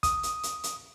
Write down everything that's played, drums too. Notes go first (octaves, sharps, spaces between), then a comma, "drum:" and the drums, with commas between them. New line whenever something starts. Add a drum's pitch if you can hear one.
D#6, drum: kick, hi-hat
drum: hi-hat
drum: hi-hat
drum: hi-hat